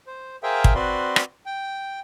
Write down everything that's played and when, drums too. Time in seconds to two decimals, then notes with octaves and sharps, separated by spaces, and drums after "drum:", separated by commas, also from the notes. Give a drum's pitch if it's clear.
0.07 C5
0.43 G#4 A#4 C5 E5 F5 G5
0.64 drum: kick
0.75 C4 F#4 B4 D5 C6
1.16 drum: rim click
1.46 G5